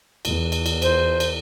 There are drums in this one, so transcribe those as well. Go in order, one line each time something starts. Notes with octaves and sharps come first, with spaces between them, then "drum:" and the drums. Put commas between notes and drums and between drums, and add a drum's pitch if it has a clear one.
E2, drum: cymbal
drum: cymbal
drum: cymbal
C5, drum: cymbal
drum: cymbal